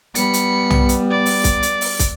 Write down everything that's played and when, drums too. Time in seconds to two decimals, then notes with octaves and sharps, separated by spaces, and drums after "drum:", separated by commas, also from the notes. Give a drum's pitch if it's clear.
0.15 G3 B3 B5 C#7, drum: hi-hat
0.34 drum: hi-hat
0.70 drum: tom
0.89 drum: hi-hat
1.11 D5
1.26 drum: open hi-hat
1.44 drum: kick, hi-hat
1.63 drum: hi-hat
1.81 drum: open hi-hat
1.99 drum: kick, hi-hat